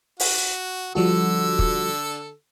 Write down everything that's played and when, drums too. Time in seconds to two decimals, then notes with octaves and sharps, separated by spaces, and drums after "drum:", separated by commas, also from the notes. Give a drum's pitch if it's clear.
0.20 F#4, drum: open hi-hat
0.95 D3 F3 G3 F#4 A4 E6
1.59 drum: kick